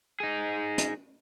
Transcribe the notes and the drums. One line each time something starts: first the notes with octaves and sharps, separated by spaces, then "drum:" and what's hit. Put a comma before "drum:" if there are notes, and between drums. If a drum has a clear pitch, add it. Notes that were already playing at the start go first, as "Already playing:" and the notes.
D#4 G#4
drum: hi-hat